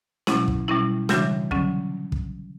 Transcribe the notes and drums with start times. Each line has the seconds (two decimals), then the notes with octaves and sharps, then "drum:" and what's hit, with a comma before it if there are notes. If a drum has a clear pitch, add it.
0.27 B2 F#3 C#4 E4, drum: snare
0.48 drum: kick
0.68 B2 G3 C#4 E4
1.09 C#3 E3 G3 D4 F#4, drum: snare
1.51 D3 F#3 C#4, drum: kick
2.12 drum: kick